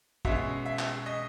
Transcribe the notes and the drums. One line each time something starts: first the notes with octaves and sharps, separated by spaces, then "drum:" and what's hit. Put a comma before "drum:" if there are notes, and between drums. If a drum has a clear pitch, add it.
B2 G#3 C#4 E5, drum: kick
E5
drum: clap
D#5